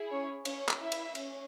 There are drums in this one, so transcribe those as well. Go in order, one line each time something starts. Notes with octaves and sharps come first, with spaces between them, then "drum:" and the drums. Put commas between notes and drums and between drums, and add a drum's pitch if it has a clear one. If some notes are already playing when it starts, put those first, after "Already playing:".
Already playing: E4 G#4
C#4 C#5
C#4 C#5, drum: cymbal
drum: clap
E4 E5
drum: cymbal
C#4, drum: cymbal